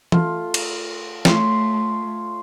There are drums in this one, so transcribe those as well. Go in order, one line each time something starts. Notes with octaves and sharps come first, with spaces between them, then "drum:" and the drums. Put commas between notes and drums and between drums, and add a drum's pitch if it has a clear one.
A3 F4, drum: tom E3
drum: cymbal
A3 C#5 C6, drum: snare